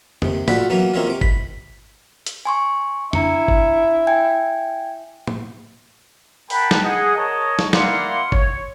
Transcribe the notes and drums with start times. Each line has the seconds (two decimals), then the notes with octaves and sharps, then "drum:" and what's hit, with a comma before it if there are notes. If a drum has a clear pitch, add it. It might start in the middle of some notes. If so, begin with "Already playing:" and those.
0.22 D#2 C3, drum: tom
0.48 F4 F#4 A4 D5 F#5 B5, drum: tom
0.70 E3 F#3 A#3 B3 C#4
0.94 D#3 A#3 C4 C#4 E4 F4
1.07 C3 D6
1.21 B5, drum: kick G1
2.27 drum: hi-hat
2.45 G#5 C6 C#6
3.13 D4 E4 A#5 C#7, drum: tom
3.48 drum: kick G1
4.07 G5 G#5 G#6
5.27 drum: tom
6.50 A#4 F#5 G5 A5 B5, drum: open hi-hat
6.71 drum: snare
6.83 G#4 D#5 F#5
7.17 A#4 C#5 D#5 A5
7.59 drum: snare
7.73 A#3 E4 D5 F5 F#5 C6, drum: snare
8.32 C#5, drum: kick G1